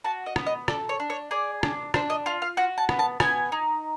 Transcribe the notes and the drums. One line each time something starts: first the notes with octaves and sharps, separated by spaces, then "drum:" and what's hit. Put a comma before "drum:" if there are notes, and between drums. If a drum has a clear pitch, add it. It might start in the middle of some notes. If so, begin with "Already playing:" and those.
F#4 A5
D#5
B3, drum: rim click
D#5
A4 D5, drum: rim click
C#5
D4
C#5
G#4 D5
D4, drum: rim click
D4 C5, drum: rim click
D#5
F4 F5
F5
F#4 F#5
A5
B3, drum: rim click
A5
B3 G#5, drum: rim click
D#4